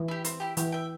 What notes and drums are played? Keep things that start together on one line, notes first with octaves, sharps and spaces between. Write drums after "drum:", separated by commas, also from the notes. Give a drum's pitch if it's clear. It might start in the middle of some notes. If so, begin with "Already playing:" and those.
Already playing: E3
E4 G4
C4, drum: hi-hat
E4 G4
E3 G4, drum: hi-hat
E5 G5